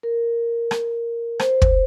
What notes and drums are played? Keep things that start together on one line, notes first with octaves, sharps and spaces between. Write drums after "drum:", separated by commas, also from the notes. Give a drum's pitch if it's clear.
A#4
drum: rim click
C5, drum: rim click
drum: kick